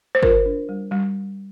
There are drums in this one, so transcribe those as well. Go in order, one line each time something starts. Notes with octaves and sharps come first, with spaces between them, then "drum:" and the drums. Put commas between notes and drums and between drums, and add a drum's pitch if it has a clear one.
C5
F4 A#4, drum: kick
D4
G3
G3